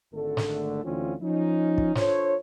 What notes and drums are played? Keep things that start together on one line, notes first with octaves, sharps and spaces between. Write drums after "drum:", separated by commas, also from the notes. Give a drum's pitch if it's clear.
G#1 D3 A3 A4
drum: snare
D2 E3 C4 C#4 F4
F3 C#4 D#4
drum: kick
D4 F4 A4 C5 C#5, drum: snare